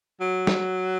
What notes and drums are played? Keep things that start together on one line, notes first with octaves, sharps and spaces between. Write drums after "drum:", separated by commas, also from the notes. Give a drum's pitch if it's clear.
F#3
drum: snare